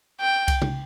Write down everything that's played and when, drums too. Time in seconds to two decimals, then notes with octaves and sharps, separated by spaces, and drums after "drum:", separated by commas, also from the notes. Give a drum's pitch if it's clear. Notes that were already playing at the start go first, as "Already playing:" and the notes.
0.20 G5
0.48 drum: kick C2, cymbal
0.62 drum: tom C3